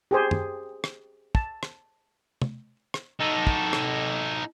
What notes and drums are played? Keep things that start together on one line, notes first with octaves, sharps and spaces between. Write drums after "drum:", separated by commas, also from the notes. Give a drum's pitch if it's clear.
G4 G#4 C5
drum: tom
drum: rim click
A5, drum: kick
drum: rim click
drum: tom
drum: rim click
D#4 A4
drum: kick
drum: rim click